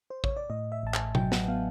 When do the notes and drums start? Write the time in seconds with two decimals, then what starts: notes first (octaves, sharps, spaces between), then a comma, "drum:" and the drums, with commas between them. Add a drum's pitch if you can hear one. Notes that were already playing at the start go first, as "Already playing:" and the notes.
0.10 C5
0.24 C#5, drum: kick
0.37 D5
0.50 A2 D#5
0.72 E5
0.83 A1 A5
0.94 G#5, drum: clap
1.15 F#3 G5, drum: tom B2
1.32 F#5, drum: snare
1.48 B3 F5